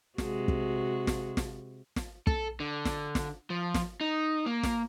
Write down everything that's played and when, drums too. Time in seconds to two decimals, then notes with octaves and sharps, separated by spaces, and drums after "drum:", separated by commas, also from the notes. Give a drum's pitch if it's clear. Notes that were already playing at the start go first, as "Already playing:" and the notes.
0.18 C3 G#3 F#4, drum: snare
0.48 drum: kick
1.07 drum: snare
1.37 drum: snare
1.96 drum: snare
2.27 A4, drum: kick
2.60 D3
2.85 drum: snare
3.15 drum: snare
3.50 F3
3.74 drum: snare
4.01 D#4
4.46 A#3
4.63 drum: snare